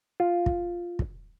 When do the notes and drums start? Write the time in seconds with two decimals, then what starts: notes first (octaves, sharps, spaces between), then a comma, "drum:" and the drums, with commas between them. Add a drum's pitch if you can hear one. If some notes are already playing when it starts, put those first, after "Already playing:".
0.20 F4
0.46 drum: kick
0.99 drum: kick